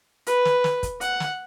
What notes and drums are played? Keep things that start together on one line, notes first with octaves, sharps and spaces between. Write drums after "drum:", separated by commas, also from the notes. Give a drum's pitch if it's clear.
B4, drum: hi-hat
drum: snare
drum: snare
drum: kick, hi-hat
F#5, drum: hi-hat
drum: snare